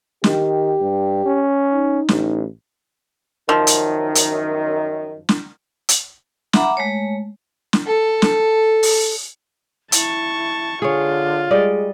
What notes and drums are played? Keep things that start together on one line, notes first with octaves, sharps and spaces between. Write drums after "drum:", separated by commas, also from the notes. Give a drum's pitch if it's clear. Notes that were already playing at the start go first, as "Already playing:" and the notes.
D#3 G4, drum: snare
G2
C#4
D#4
A1, drum: snare
F#2 D#3 F3
drum: hi-hat
drum: hi-hat
drum: snare
drum: hi-hat
E5 F#5 A#5 B5 D6, drum: snare
G#3 A3 C#5
drum: snare
A4
drum: snare
drum: open hi-hat
E4 A5 C#6, drum: hi-hat
D3 F4 G#4 C#5
G3 G#3 D5 D#5